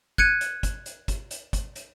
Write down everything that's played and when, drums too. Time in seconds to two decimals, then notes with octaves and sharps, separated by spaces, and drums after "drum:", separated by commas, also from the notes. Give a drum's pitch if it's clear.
0.18 F#6 G#6 C#7 D#7, drum: kick
0.41 drum: hi-hat
0.63 drum: kick, hi-hat
0.86 drum: hi-hat
1.08 drum: kick, hi-hat
1.31 drum: hi-hat
1.53 drum: kick, hi-hat
1.76 drum: hi-hat